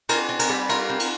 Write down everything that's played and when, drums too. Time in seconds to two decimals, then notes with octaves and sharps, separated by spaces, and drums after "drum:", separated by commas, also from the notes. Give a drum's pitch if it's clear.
0.09 C4 A#4, drum: cymbal
0.29 C4
0.39 A#4, drum: cymbal
0.49 G3
0.69 F4 A#4, drum: cymbal
0.90 C4
1.00 drum: cymbal